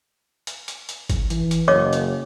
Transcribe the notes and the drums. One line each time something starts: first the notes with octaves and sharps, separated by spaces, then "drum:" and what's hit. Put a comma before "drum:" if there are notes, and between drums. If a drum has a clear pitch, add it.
drum: hi-hat
drum: hi-hat
drum: hi-hat
drum: kick G1, hi-hat
E3, drum: hi-hat
drum: hi-hat
F#1 C#5 D#5 D6
drum: hi-hat